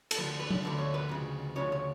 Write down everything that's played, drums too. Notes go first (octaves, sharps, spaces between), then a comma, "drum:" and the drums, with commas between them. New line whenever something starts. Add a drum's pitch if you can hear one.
A4, drum: cymbal
D2 D3 F3 B4
B4
drum: tom F#3
D2 D3 F3
C#5
B4
D2 C#3 F3
D2 C#3 F3 C#5
C#5